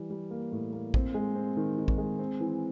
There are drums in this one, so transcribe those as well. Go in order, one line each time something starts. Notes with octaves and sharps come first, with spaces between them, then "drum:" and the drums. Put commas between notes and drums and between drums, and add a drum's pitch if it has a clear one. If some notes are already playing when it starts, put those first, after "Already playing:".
Already playing: E3 G3
G3
A#3
A2
A#3
C4, drum: kick A1
G#3
C4
D#3
D#3
drum: kick A1
G#3
C4
E3